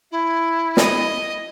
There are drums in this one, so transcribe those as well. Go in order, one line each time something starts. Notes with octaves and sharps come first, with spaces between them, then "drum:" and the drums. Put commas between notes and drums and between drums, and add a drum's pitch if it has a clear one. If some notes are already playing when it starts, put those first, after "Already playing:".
E4
D#5, drum: snare